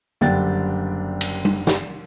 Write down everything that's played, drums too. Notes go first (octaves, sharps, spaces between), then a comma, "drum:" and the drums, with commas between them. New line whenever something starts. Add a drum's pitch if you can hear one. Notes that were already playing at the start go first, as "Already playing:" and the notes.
F#1 D3 G3 D4 G5 A6
drum: cymbal
drum: tom G3
drum: snare